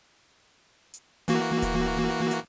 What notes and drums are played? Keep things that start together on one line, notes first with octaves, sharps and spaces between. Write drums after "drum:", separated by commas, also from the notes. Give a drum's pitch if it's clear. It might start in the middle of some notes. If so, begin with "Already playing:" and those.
drum: hi-hat
E3 A#3 F#4, drum: hi-hat
drum: kick D#1, hi-hat
drum: hi-hat